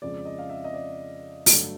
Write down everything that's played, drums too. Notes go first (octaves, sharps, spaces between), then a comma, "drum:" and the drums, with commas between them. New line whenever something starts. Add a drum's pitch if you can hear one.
F2 C#3 F3 G#3 D5
D#5
F5
E5
D#5
D5
G2 D3 F#3 A3, drum: open hi-hat